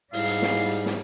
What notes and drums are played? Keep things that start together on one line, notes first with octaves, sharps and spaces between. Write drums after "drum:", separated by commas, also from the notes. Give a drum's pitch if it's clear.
G#2 G3 E4 F5, drum: open hi-hat
drum: hi-hat
drum: snare
drum: hi-hat
drum: hi-hat
drum: snare